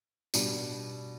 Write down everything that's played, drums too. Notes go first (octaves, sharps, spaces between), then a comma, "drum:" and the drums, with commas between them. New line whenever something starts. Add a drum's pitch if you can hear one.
B2 G3 D4, drum: tambourine